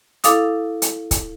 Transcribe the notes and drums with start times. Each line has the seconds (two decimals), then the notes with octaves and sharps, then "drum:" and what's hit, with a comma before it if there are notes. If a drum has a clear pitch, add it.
0.24 E4 A4 F5 D6 D#6, drum: hi-hat
0.82 drum: hi-hat
1.11 drum: kick, hi-hat